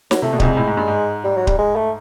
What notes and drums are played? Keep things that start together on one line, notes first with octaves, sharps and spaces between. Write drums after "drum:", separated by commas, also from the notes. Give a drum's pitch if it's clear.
F#3, drum: snare
C3 A3
B2
C2 C3 G#3, drum: kick D1
A2
G#2
G2
G#2
G#2 G3
F#3
G3, drum: kick D1
G#3
A3